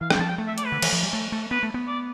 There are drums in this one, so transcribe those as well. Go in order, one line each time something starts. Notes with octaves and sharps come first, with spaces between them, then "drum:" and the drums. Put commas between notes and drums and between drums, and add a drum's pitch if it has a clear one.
E3 F5
G5, drum: rim click
G3
F3 A5
G5
A3
E5
D5, drum: hi-hat
B4
D3
E3, drum: cymbal
F3
G3
A3
A3
B3 B4
A3
B3
D5